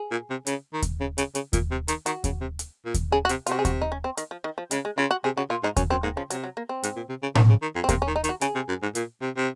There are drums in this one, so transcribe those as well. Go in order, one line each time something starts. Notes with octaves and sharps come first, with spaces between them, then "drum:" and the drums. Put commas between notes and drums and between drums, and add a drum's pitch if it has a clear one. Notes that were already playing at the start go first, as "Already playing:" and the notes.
Already playing: G#4
A#2
C3
C#3, drum: hi-hat
D#3
drum: kick D#2, hi-hat
C#3
C#3, drum: hi-hat
C#3, drum: hi-hat
A#2, drum: kick D#2, hi-hat
C3
D#3, drum: hi-hat
D#3 F#4, drum: hi-hat
C#3, drum: kick D#2, hi-hat
C3
drum: hi-hat
A#2
drum: kick D#2, hi-hat
C#3 G#4
F#4
C3, drum: hi-hat
C3 F4 F#4, drum: hi-hat
G#4
F#4, drum: kick D#2, hi-hat
D#4
C#4
C4
D#3, drum: hi-hat
F3
D#3
F3
C#3 G#3, drum: hi-hat
G#3
C#3 F4
F#4
C3 G#4
C#3 F#4
A#2 F4
G#2 D#4
F#2 C#4, drum: kick D#2, hi-hat
F#2 C4
G#2 A#3
C#3 F3
C3 F#3, drum: hi-hat
F#3
A#3
C4
G#2, drum: hi-hat
A#2
C3
C#3
D#3, drum: tom A2
C#3
D#3
F2
C4
C3 A#3, drum: kick D#2, hi-hat
C#4
D#3
D#4
D#3, drum: hi-hat
F#4
C#3 G#4, drum: hi-hat
C3
F#2
G#2
A#2, drum: hi-hat
C3
C3